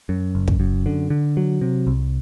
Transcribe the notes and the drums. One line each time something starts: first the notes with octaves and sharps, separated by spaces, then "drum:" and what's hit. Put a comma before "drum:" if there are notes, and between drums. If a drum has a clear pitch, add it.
F#2
F#1
drum: kick
F#2
D3
D3
F#3
C3
C2